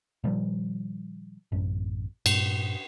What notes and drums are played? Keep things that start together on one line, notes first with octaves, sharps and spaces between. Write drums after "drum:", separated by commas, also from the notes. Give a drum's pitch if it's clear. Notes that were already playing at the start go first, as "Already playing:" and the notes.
A#2 D#3 F3 G3
A1 F#2
G2 A#2, drum: cymbal